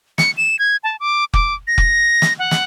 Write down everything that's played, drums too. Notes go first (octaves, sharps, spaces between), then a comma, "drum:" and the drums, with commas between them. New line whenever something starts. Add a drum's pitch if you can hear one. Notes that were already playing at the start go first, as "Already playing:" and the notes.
C#7, drum: snare
E7
G#6
A5
D6
D6, drum: kick F1
A#6
drum: kick F1
drum: snare
F#5
drum: snare